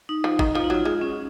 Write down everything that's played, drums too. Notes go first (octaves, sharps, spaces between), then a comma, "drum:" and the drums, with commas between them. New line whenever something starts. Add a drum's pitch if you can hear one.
D#4
F3
D#3, drum: kick
F3 F4
D#4
F#3 F4
G#3 F4
C#4